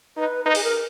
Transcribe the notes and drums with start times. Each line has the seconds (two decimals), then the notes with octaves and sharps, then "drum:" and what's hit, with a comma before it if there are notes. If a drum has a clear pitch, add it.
0.17 D#4 B4
0.45 D#4 B4
0.55 G#4, drum: open hi-hat
0.63 A#4